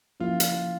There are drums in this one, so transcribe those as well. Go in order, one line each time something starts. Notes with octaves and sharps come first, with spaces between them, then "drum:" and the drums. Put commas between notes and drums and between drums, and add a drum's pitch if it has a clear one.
F3 A#3 C#4 E4 F4
drum: hi-hat